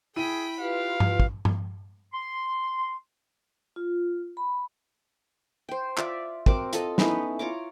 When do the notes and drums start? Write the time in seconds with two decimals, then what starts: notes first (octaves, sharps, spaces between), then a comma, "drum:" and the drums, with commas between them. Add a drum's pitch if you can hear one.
0.16 E4 G#4 G5 B5 D#7
0.60 F4 G4 B4 F5
1.00 drum: tom G2
1.20 drum: kick
1.45 drum: tom G2
2.12 C6
3.76 F4
4.37 B5
5.69 C5 G5
5.98 F4 D5 E5, drum: clap
6.46 C4 F#4 A#4 D6, drum: kick
6.73 F4 A4 D#5, drum: hi-hat
6.98 B3 C#4 D#4 E4, drum: snare
7.39 F4 C#5 A#5 D6